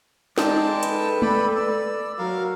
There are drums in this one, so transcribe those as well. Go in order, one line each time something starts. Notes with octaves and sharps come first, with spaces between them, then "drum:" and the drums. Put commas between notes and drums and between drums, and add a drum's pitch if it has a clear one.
G#3 D#4 D5 G5 A5, drum: snare
A4 B4, drum: hi-hat
D5 G5 B5, drum: tom G#3
D5 E6
F#3 F#4 A#4 F5